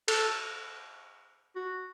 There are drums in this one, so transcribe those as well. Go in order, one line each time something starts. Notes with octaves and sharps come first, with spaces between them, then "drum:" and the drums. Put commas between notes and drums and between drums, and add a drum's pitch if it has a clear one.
A4, drum: cymbal
F#4